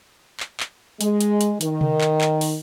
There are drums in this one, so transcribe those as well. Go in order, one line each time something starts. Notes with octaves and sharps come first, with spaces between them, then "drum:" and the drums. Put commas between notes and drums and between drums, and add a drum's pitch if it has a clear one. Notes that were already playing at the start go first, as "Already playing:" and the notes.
drum: clap
drum: clap
G#3, drum: hi-hat
drum: hi-hat
drum: hi-hat
D#3, drum: hi-hat
drum: tom C3
drum: clap
drum: clap
drum: open hi-hat